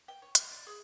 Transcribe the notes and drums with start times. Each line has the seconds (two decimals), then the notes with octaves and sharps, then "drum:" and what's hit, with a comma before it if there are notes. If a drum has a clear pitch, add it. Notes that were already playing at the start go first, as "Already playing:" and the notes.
0.08 G5
0.22 C#5
0.35 F6, drum: hi-hat
0.51 D5
0.67 G#4